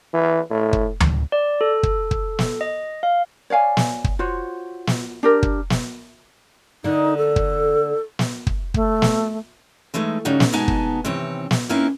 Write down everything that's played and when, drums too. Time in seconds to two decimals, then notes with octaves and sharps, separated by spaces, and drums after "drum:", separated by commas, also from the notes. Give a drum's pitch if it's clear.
0.14 E3
0.50 A2
0.73 drum: kick
1.00 drum: tom D2
1.32 D5
1.61 A4
1.83 drum: kick
2.11 drum: kick
2.39 drum: snare
2.61 D#5
3.03 F5
3.50 C#5 D5 F5 G#5
3.77 drum: snare
4.04 drum: kick
4.19 F4 F#4 C5 C#5
4.87 drum: snare
5.23 D4 G4 A#4
5.43 drum: kick
5.70 drum: snare
6.84 D3 A#3 D#4
7.17 A4
7.36 drum: kick
8.19 drum: snare
8.47 drum: kick
8.74 A3, drum: kick
9.02 drum: snare
9.94 E3 G#3 A3 D#4
10.25 C#3 G3 D#4 F#4
10.40 drum: snare
10.53 B2 G#3 B3 D#4 G#5 A5
10.68 drum: kick
11.05 C3 D#3 E3 C4 C#5
11.51 drum: snare
11.69 A#3 C4 C#4 D#4 E4 B4